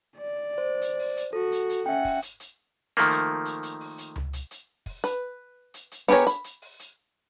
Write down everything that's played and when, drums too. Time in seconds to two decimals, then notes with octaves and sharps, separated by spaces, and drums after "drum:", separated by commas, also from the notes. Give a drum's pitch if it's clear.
0.18 D5
0.58 C5
0.82 drum: hi-hat
0.99 drum: open hi-hat
1.17 drum: hi-hat
1.33 F#4 A4
1.52 drum: hi-hat
1.69 drum: hi-hat
1.86 C#4 E5 F#5 G5
2.05 drum: kick, open hi-hat
2.22 drum: hi-hat
2.40 drum: hi-hat
2.97 D#3 F3 A3 A#3
3.10 drum: hi-hat
3.45 drum: hi-hat
3.63 drum: hi-hat
3.80 drum: open hi-hat
3.98 drum: hi-hat
4.16 drum: tom C#2
4.33 drum: hi-hat
4.51 drum: hi-hat
4.86 drum: kick, open hi-hat
5.04 B4, drum: hi-hat
5.74 drum: hi-hat
5.91 drum: hi-hat
6.08 B3 G4 G#4 A#4 C#5
6.27 B5, drum: hi-hat
6.44 drum: hi-hat
6.62 drum: open hi-hat
6.79 drum: hi-hat